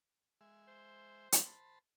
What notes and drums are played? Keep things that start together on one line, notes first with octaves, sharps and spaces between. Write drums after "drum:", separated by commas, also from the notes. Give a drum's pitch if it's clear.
G#3 E5
C5
drum: hi-hat
C5 A5 B5